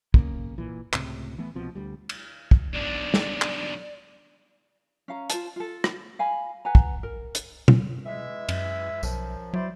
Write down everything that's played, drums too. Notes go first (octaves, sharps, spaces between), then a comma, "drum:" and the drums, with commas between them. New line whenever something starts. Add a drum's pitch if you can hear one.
B1 C#3 A#3, drum: kick
A#2 E3
C#2 A2 C3, drum: clap
E3 A3 B3
C2 B2 F3 C4
D2 G3
drum: cymbal
drum: kick
B1 D3 D5
drum: snare
drum: clap
C#4 F5 A#5
F4 C5 A5, drum: hi-hat
F4 A4
drum: rim click
F5 G#5 B5
B4 F#5 G#5 A#5
drum: kick
A#4
drum: hi-hat
drum: tom
E3 G#3 E5
F#2, drum: cymbal
B1 F#2 F3, drum: tambourine
F#3 E4 C5 D5